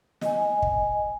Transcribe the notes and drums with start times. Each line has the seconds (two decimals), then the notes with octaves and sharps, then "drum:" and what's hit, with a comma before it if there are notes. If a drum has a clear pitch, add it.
0.21 D#5 G#5, drum: snare
0.62 drum: kick